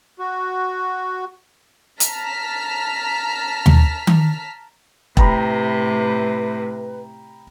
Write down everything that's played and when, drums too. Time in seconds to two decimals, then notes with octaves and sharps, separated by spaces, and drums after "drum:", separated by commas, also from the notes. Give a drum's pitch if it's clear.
0.19 F#4
2.00 A5 A#5 F6 B6, drum: hi-hat
3.66 drum: tom D#2
4.07 drum: tom D#3
5.17 A2 C3 B4 G5 A#5 B5, drum: kick E1